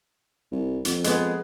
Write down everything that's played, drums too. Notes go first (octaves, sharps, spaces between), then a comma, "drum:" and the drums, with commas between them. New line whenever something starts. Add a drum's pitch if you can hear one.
C2
F2, drum: hi-hat
G#3 B3 G#4, drum: hi-hat